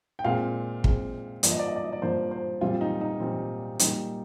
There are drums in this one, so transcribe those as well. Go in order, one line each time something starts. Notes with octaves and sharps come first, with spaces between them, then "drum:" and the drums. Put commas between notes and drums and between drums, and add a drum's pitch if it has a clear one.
G5
A#2 G#3 C4 F5
A#2 G#3 C4, drum: kick
G2 F3 A#3 D5, drum: hi-hat
D#5
D5
D#5
D5
D#5
D5
G2 F3 A#3 C5
C5
A#2 G3 C4 F4
D#4
D#4
A#2 G3 C4
A#2 G3 A#3 D#4, drum: hi-hat